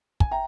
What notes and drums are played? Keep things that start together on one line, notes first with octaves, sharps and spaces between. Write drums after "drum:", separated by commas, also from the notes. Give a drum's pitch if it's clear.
G#5, drum: kick
E5 G5 A#5